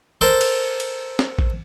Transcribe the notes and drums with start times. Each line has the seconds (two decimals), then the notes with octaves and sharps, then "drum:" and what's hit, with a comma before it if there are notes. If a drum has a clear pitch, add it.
0.21 A4 A#4 C5 A5
0.41 drum: cymbal
0.80 drum: cymbal
1.19 drum: snare
1.39 drum: kick